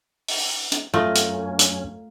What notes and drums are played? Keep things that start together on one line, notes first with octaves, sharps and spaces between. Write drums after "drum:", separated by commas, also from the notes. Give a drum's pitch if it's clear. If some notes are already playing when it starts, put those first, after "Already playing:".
drum: open hi-hat
drum: hi-hat
F#2 A3 C#4 F4 A#4 D#5
drum: hi-hat
drum: hi-hat